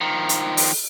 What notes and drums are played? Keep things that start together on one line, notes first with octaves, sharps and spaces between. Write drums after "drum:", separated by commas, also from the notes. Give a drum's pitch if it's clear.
D#3 F3
drum: hi-hat
drum: open hi-hat